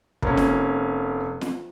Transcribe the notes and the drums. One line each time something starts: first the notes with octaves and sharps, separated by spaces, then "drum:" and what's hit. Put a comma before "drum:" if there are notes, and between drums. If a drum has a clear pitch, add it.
F1 A#3 C#4, drum: kick
drum: snare
drum: snare